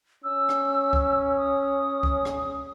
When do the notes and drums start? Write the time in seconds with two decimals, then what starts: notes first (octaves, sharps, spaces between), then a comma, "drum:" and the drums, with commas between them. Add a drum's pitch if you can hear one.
0.24 C#4 E6
0.49 drum: rim click
0.93 drum: kick C#2
1.37 D#6
2.03 drum: kick C#2
2.25 drum: rim click